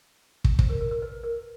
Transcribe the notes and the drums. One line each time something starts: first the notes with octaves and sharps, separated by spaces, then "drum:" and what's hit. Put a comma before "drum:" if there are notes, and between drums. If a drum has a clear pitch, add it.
drum: kick
C5, drum: kick
A#4
A#4
A#4
B4
A#4